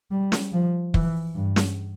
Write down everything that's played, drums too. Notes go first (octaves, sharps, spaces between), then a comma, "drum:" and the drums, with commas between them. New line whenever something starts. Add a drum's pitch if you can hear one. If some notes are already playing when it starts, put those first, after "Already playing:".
G3
drum: snare
F3
E3, drum: kick
G2
drum: snare